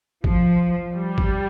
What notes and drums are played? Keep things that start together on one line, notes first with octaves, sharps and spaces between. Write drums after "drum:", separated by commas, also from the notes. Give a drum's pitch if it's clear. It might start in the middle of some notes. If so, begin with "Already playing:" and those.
F3, drum: kick
G3
drum: kick